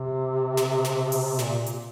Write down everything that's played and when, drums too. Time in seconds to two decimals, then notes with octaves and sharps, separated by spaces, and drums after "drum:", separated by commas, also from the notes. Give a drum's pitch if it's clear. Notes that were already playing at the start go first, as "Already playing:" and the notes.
Already playing: C3
0.57 drum: snare
0.85 drum: snare
1.12 drum: open hi-hat
1.39 A#2, drum: snare
1.66 drum: hi-hat